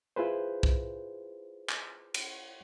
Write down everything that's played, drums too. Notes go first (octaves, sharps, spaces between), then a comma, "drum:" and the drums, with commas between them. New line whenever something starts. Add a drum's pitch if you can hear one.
E4 F4 G#4 B4 C5
drum: kick
drum: clap
drum: cymbal